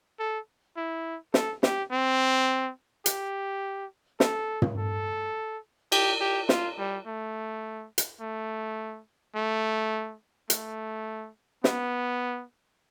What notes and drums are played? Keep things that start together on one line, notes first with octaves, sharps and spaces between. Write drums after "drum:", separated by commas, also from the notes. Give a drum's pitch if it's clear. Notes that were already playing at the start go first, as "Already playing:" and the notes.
A4
E4
A4, drum: snare
G4, drum: snare
C4
G4, drum: hi-hat
A4, drum: snare
drum: tom
A4
G4, drum: cymbal
G4
F4, drum: snare
G3
A3
drum: hi-hat
A3
A3
A3, drum: hi-hat
B3, drum: snare